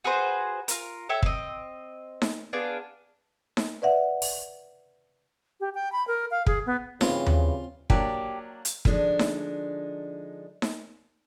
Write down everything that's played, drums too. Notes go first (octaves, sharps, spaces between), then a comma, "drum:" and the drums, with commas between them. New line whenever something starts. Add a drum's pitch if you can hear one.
F#4 G#4 B4 C5
F4 A#4, drum: hi-hat
A4 C#5 E5 G5
C4 D#5, drum: kick
drum: snare D#4
B3 D4 F4 G#4
drum: snare D#4
B4 D5 E5 F#5
drum: open hi-hat
G4
G5
B5
A#4
F5
G#4, drum: kick
B3
G2 C#3 E3 C4 F4, drum: snare D#4
drum: tom D#2
F#3 A#3 D4 G4, drum: kick
drum: hi-hat
D3 F3 G#3 D4 D#4, drum: kick
drum: snare D#4
drum: snare D#4